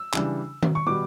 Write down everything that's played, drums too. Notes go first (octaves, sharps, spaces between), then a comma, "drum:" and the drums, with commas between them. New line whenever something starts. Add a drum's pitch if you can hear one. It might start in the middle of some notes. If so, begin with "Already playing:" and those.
Already playing: E6
C#3 E3 G3 D4, drum: clap
drum: tom D#3
C#6
B2 G3 B3 D6